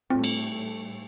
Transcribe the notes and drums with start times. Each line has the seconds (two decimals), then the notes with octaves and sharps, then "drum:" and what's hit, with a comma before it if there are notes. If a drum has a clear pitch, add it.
0.10 A2 G3 A3 C4 F4
0.24 drum: cymbal